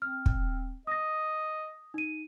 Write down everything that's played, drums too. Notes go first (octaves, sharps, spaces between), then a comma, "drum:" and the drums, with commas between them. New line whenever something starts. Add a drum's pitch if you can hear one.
C4 F6
drum: kick
D#5 D#6 A#6
D#4 D#7